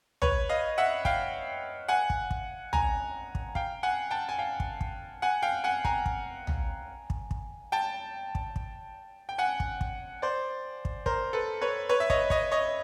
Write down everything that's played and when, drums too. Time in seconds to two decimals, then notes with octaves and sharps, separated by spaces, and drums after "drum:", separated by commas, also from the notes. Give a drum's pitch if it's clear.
0.22 B4 C#5, drum: tom
0.49 D#5 F5
0.78 E5 F#5
1.05 F5 G5, drum: kick
1.88 F#5 G#5
2.10 drum: kick
2.31 drum: kick
2.73 G#5 A#5, drum: tom
3.35 drum: kick
3.55 F5 G5, drum: kick
3.83 F#5 G#5
4.11 G5 A5
4.29 G#5
4.39 F5 G5
4.60 drum: kick
4.81 drum: kick
5.22 F#5 G#5
5.42 F5 G5
5.64 F#5 G#5
5.85 G#5 A#5, drum: kick
6.06 drum: kick
6.47 drum: tom
7.10 drum: kick
7.31 drum: kick
7.72 G5 A5
8.35 drum: kick
8.56 drum: kick
9.29 G5
9.38 F#5 G#5
9.60 drum: kick
9.81 drum: kick
10.22 C5 D5
10.85 drum: kick
11.06 A#4 C5, drum: kick
11.33 A4 B4
11.61 B4 C#5
11.89 B4 C#5
12.00 E5
12.10 C#5 D#5, drum: kick
12.30 C#5 D#5, drum: kick
12.51 C#5 D#5